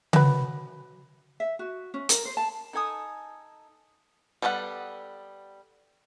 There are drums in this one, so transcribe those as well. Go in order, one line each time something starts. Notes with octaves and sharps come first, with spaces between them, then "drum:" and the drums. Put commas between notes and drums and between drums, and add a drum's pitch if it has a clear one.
F#3 B4, drum: tom C#3
E5
F#4
C#4
A#4, drum: hi-hat
C5
A5
D#4 A4 G#5 D#6
G3 B3 A4 C#5 F#5